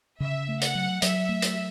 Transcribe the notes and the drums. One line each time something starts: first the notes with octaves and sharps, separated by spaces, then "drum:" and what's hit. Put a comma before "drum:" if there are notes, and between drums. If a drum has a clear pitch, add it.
C#3 E5
A3
F#5, drum: hi-hat
F#3
F#3 E5, drum: hi-hat
A3
drum: hi-hat